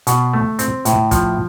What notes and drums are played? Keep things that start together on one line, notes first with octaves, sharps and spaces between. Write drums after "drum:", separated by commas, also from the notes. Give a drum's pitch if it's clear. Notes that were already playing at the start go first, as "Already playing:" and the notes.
B2, drum: hi-hat
A3
C4, drum: hi-hat
A2, drum: hi-hat
F3, drum: kick, hi-hat